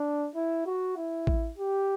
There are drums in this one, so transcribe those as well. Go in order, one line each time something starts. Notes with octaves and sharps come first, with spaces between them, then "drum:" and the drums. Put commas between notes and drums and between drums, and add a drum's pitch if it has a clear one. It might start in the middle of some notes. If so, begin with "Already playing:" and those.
Already playing: D4
E4
F#4
E4
drum: kick A1
G4